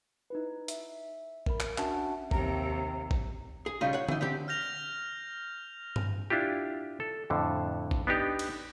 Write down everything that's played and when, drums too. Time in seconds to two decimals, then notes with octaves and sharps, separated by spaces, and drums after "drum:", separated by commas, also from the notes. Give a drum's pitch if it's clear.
0.30 D#4 E4 B4
0.68 E5, drum: hi-hat
1.46 A#4 B5, drum: kick A1
1.60 drum: clap
1.78 C#4 D4 F#4 E5 F#5 A5, drum: clap
2.31 D#2 C3 A#5, drum: kick A1
3.11 drum: kick A1
3.66 G#4
3.81 C#3 G3 C#4 D#4 F4
3.93 C#5 F#5
4.09 E3 D#4, drum: tom D3
4.21 D3 C4 G4
4.48 F6 G6 A#6 F7
5.96 drum: tom G2
6.30 D4 E4 F4 G4
7.00 A4
7.30 F2 A2 D3
7.91 drum: kick A1
8.07 B3 D4 D#4 G4
8.39 drum: cymbal